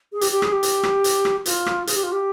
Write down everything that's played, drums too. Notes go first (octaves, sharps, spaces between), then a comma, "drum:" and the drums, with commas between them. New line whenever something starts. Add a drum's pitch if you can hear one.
G#4
G4, drum: hi-hat
G4
G#4, drum: rim click
G4
drum: hi-hat
drum: rim click
drum: hi-hat
drum: rim click
F4, drum: hi-hat
drum: rim click
G#4, drum: hi-hat
G4
F4
G4